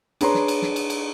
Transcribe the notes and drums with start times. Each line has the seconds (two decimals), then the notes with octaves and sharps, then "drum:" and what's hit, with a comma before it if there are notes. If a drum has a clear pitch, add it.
0.21 D4 G#4 B4 C#5 A#5 C6, drum: cymbal
0.34 drum: snare
0.48 drum: cymbal
0.62 drum: snare
0.76 drum: cymbal
0.90 drum: cymbal